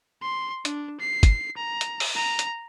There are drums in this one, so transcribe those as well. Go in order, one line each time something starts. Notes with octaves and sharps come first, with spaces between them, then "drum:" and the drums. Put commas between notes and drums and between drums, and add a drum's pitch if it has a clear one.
C6
D4, drum: hi-hat
C7
drum: kick, hi-hat
A#5
drum: hi-hat
drum: open hi-hat
A#5
drum: hi-hat